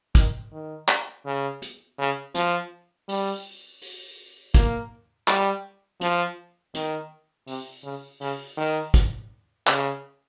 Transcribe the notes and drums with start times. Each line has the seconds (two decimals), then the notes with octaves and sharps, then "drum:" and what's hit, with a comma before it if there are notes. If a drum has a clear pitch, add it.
0.15 D#3, drum: kick, hi-hat
0.53 D#3
0.89 drum: clap
1.25 C#3
1.62 drum: hi-hat
1.99 C#3
2.34 F3, drum: hi-hat
3.09 G3, drum: open hi-hat
3.81 drum: open hi-hat
4.54 A#3, drum: kick, hi-hat
5.28 G3, drum: clap
6.01 F3, drum: hi-hat
6.74 D#3, drum: hi-hat
7.47 C3, drum: open hi-hat
7.83 C#3
8.21 C#3, drum: open hi-hat
8.57 D#3
8.94 drum: kick, hi-hat
9.67 C#3, drum: clap